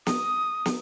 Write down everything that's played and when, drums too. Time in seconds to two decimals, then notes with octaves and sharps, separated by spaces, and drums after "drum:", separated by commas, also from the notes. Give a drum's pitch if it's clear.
0.07 D#6, drum: snare
0.66 drum: snare